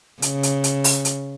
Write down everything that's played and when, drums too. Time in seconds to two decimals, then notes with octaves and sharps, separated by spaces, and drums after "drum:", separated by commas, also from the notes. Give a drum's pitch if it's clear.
0.22 C#3, drum: hi-hat
0.43 drum: hi-hat
0.64 drum: hi-hat
0.84 drum: open hi-hat
1.05 drum: hi-hat